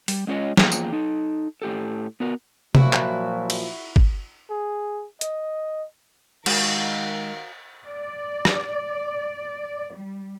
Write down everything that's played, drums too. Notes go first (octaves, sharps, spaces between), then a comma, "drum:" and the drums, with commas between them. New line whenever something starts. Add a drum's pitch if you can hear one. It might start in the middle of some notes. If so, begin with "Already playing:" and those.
G3, drum: open hi-hat
G#3 C#4 F4 G4 C#5 D#5
E2 F3 A#3 G#4 G5 A#5, drum: snare
drum: tambourine
D#4 A4
A2 G4 A4
B3 F#4 A#4
A#2 F3 F#3 E4 F#4, drum: tom C3
drum: clap
drum: cymbal
drum: kick G#1
G#4
D#5, drum: hi-hat
D#3 G#3 F#4 A#4 F5, drum: cymbal
D5
drum: rim click
G3